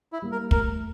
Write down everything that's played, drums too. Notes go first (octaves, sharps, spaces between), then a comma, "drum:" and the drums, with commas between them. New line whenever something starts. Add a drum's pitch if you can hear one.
E4
G3 A#3
A#4
A3 A#4, drum: kick